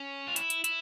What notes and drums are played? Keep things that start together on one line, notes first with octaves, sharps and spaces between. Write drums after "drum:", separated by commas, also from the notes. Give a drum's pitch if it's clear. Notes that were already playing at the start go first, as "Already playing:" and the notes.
Already playing: C#4
F4
E4, drum: hi-hat
drum: hi-hat
E4, drum: hi-hat